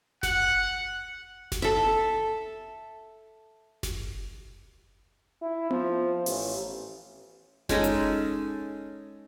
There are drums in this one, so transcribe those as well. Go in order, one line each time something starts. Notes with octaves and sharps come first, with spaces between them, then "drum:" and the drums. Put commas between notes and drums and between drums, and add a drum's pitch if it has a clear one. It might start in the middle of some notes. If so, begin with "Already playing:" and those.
F#5, drum: snare F#1
drum: snare F#1
A4 E5
drum: snare F#1
E4
F3, drum: tom B3
A1, drum: open hi-hat
G#3 C#4 D#4 A4, drum: snare F#1
drum: hi-hat